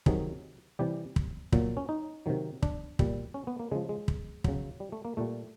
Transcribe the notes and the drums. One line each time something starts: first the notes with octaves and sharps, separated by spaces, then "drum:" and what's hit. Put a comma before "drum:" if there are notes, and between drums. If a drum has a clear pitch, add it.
C3 D#3 F#3 G#4, drum: kick
C3 E3 G3 G4
drum: kick
A#2 F#3, drum: kick
C#4
D#4
C3 D#3 F#3
D4, drum: kick
A#2 G3, drum: kick
C#4
B3
A#3
C#3 F3 G#3
G#3
drum: kick
C#3 F#3, drum: kick
G3
A3
A#3
A#2 G3 A3